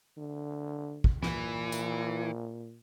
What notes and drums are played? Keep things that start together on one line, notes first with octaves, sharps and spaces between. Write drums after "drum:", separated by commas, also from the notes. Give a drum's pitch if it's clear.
D3
drum: kick
A#2 E3, drum: snare
drum: tambourine